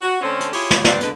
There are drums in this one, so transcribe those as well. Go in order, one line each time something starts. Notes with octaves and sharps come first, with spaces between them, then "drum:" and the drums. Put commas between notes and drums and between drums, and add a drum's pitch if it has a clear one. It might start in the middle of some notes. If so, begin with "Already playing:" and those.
F#4
D3 A3 C4 C#4
drum: hi-hat
E4 F4 G4 G#4 C#5, drum: open hi-hat
drum: snare
G3 B3 C4 D4 B4 D5, drum: snare
D3 G#3 B4, drum: hi-hat